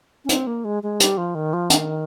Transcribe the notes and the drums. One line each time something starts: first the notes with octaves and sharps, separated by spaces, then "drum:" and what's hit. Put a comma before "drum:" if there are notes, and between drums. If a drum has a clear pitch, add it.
C#4
C4, drum: hi-hat
A#3
G#3
G#3
G3, drum: hi-hat
F3
D#3
F3
D#3, drum: hi-hat